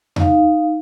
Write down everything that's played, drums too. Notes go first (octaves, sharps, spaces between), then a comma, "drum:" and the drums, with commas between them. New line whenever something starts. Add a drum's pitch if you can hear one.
D#4 F5, drum: tom E2